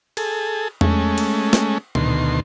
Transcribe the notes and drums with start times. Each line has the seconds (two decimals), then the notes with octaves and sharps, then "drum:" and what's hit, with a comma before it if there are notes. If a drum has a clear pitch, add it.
0.17 G#4 A4, drum: cymbal
0.81 G#3 A3 C#4, drum: tom E2
1.18 drum: cymbal
1.53 drum: snare
1.95 D2 B2 D#3 C6, drum: tom A#2